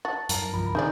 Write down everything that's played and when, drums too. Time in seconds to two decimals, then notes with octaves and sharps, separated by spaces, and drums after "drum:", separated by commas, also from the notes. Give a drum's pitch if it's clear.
0.05 F#4 A5 A6
0.29 F#2 A#4, drum: hi-hat
0.53 C#2 G2 F3 B5
0.75 C3 D#3 D#4 G#4 D5 G6